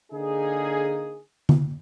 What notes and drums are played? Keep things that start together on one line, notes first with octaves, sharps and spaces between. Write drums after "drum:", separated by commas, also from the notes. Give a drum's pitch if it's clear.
D3 A#3 D#4 G#4
drum: tom D3